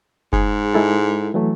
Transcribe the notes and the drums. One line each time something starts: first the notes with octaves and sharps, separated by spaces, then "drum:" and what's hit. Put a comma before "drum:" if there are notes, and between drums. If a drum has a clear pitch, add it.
G#2 G#4, drum: kick F#1
G#3 E4 A4
E3 F#3 A3